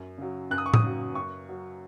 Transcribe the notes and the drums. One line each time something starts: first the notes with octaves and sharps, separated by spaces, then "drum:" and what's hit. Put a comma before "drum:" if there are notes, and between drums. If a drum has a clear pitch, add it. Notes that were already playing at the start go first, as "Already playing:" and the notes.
Already playing: F#2
C#3 F#3
F#2 F#6
D#6
C#6
D#6, drum: tom A2
C#3 F#3
F#2 C#6
F#3